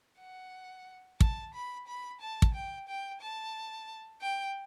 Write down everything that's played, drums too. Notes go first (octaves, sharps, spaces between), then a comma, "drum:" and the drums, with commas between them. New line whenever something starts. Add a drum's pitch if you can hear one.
F#5
A5, drum: kick
B5
B5
A5
drum: kick
G5
G5
A5
G5